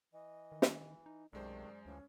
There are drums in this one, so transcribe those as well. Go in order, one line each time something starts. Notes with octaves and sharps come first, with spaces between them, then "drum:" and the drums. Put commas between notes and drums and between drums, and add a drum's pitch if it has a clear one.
E3 D#5
D#3
drum: snare
D#4
B1 F#2 C3 D#3 G#3 A3 C5 D5
D2 E3 F3 C#4